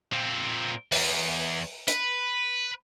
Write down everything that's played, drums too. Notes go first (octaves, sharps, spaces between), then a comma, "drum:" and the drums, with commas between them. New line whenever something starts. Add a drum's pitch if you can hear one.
A#2 C4
E2, drum: open hi-hat
B4, drum: hi-hat